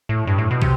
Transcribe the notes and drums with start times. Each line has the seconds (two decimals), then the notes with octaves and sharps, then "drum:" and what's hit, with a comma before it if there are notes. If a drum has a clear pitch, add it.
0.09 A2
0.27 G2
0.38 A2
0.51 B2
0.62 C3, drum: kick